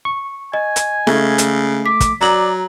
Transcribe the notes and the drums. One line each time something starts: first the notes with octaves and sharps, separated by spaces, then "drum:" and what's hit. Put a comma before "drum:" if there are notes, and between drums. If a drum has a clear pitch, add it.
C#6
D#5 G#5
drum: hi-hat
C#3 A3, drum: snare E4
drum: hi-hat
D6 B6
drum: kick, hi-hat
F#3 D5 A#5 F#7